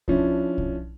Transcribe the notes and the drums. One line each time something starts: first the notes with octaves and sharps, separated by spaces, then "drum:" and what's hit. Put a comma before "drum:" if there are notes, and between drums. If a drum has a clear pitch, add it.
F3 C#4 D4 E4, drum: kick
drum: kick